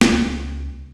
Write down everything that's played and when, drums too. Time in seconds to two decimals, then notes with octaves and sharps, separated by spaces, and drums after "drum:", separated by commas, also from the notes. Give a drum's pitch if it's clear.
0.01 C#2 C#3, drum: snare